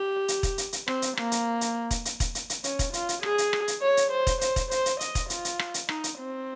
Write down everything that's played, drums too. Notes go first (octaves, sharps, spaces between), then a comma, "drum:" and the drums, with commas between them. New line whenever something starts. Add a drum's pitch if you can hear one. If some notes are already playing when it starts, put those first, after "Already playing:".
Already playing: G4
drum: hi-hat
drum: kick E1, hi-hat
drum: hi-hat
drum: hi-hat
C4, drum: rim click
drum: hi-hat
A#3, drum: rim click
drum: hi-hat
drum: hi-hat
drum: kick E1, hi-hat
drum: hi-hat
drum: kick E1, hi-hat
drum: hi-hat
drum: hi-hat
C#4, drum: hi-hat
drum: kick E1, hi-hat
F4, drum: hi-hat
drum: hi-hat
G#4, drum: rim click
drum: hi-hat
drum: rim click
drum: hi-hat
C#5
drum: hi-hat
C5
drum: kick E1, hi-hat
C5, drum: hi-hat
drum: kick E1, hi-hat
C5, drum: hi-hat
drum: hi-hat
D#5, drum: hi-hat
drum: kick E1, hi-hat
F4, drum: hi-hat
drum: hi-hat
drum: rim click
drum: hi-hat
D#4, drum: rim click
drum: hi-hat
C4